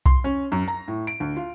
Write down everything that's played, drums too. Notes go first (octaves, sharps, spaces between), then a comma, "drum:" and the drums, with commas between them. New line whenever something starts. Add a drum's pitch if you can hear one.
C6, drum: kick B1
C#4
F#2
A#5
A2
D7
D2
F4